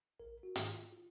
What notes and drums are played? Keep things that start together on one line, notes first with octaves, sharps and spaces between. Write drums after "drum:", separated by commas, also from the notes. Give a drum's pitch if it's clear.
A#1 A#4
F#4
G#2 D#3, drum: hi-hat
F4
F4